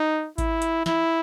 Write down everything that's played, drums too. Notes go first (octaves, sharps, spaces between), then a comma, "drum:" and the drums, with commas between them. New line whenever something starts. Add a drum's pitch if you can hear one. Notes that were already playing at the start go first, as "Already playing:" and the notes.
Already playing: D#4
E4, drum: kick G#1, hi-hat
drum: hi-hat
E4, drum: snare